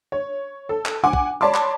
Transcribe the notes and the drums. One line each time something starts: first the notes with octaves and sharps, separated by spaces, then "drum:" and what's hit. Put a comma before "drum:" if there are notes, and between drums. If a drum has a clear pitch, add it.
C#5
A4
drum: clap
F#5 G#5 D6
drum: kick
C#5 D5 A5 B5 C6 D6
drum: clap